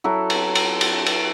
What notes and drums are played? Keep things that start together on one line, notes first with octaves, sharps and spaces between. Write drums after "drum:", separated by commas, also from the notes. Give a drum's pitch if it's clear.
F#3 E4 A4
drum: cymbal
drum: cymbal
drum: cymbal
drum: cymbal